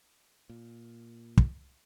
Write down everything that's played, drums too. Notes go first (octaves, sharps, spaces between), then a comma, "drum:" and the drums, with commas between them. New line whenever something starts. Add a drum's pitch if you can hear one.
A#2
drum: kick